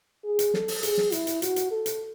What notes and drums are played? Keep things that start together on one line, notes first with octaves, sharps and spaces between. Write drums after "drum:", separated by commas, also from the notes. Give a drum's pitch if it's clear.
G#4
drum: hi-hat
A4, drum: snare
drum: open hi-hat
G#4, drum: hi-hat
drum: snare
E4, drum: hi-hat
drum: hi-hat
F#4, drum: hi-hat
drum: hi-hat
A4
drum: hi-hat